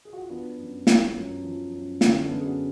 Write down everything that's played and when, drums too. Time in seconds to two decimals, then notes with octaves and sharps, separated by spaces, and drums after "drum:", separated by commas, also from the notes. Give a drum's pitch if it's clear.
0.05 G#4
0.13 F#4
0.22 F4
0.30 F3 B3 D4
0.58 F#2
0.87 F3, drum: snare
1.15 F#2
1.44 F3
1.73 F#2
2.01 D3 A3 C#4, drum: snare
2.22 B3 D4
2.30 F#2
2.39 G#4
2.44 D4 F#4